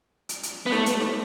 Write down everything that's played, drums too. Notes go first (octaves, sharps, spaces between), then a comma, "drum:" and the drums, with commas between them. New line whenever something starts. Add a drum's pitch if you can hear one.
drum: hi-hat
drum: hi-hat
B3
A3, drum: snare
drum: hi-hat
drum: snare